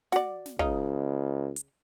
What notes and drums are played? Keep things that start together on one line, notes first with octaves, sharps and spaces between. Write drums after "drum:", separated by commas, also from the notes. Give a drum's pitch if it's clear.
F#4 D5, drum: snare
drum: snare
C#2 C#3 D#4, drum: kick
drum: hi-hat